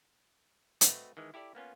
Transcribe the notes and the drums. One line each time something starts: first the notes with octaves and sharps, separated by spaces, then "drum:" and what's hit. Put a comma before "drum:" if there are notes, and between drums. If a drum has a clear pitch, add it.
A3 C4 F#4 B4 D#5, drum: hi-hat
D#3 E3 G#3
E4 G4 A4 D5
A#3 B3 C#4 F4